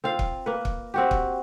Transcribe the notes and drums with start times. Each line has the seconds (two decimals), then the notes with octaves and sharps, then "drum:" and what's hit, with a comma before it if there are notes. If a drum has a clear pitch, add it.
0.04 C4 F4 F5
0.19 drum: kick
0.46 A#3 B4
0.65 drum: kick
0.94 C4 F#4 G4
1.11 drum: kick